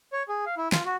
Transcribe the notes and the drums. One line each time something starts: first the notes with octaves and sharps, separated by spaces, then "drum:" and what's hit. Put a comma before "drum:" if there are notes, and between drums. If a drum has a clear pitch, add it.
C#5
G#4
F5
E4
F4, drum: snare
F#4